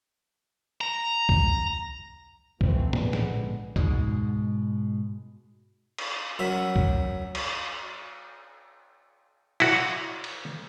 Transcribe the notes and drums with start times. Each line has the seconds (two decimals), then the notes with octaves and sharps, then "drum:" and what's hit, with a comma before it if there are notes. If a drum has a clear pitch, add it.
0.81 A#5
1.29 drum: kick C#2
2.61 B2 E3 F3 A3 C4, drum: kick C#2
2.93 A#1 G#2 D3 G#3 B3, drum: tom A2
3.13 drum: snare
3.76 G#2 B2 G#3, drum: kick C#2
5.98 drum: cymbal
6.39 F#3 C#4 A#4 E5 B5
6.76 drum: kick C#2
7.35 drum: cymbal
9.60 E4 F#4, drum: cymbal
10.24 drum: cymbal